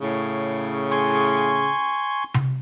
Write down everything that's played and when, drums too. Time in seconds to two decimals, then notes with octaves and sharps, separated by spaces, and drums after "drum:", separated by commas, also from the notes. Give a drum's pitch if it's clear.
0.01 A2 C#3
0.91 G#5 C6 C#6, drum: hi-hat
2.34 drum: tom C3